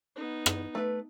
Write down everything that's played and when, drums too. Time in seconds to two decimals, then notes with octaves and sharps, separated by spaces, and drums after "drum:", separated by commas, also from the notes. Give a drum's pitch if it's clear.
0.15 B3 D#4
0.46 drum: rim click
0.75 A3 B4